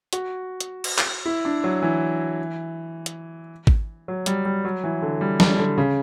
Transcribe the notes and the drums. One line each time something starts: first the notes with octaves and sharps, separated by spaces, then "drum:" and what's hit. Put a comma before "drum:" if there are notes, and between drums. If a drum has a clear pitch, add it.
F#4, drum: hi-hat
drum: hi-hat
drum: cymbal
drum: clap
E4
D4
F#3
E3
drum: hi-hat
drum: kick G#1
F#3
G3, drum: hi-hat
G3
F#3
E3
D3
G3
G3, drum: snare
D3
C#3